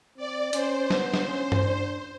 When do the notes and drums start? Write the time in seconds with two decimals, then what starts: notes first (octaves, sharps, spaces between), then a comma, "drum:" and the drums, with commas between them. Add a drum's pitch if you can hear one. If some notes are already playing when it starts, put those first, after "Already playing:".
0.17 C4 D5
0.53 C#4 C5, drum: hi-hat
0.90 B3, drum: snare
1.14 drum: snare
1.27 C#4
1.52 drum: tom G2
1.63 D4